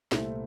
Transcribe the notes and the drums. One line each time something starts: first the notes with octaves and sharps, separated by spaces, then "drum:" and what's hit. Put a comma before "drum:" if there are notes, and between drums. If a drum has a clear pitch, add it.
C2 A#2 A3 C4 E4, drum: snare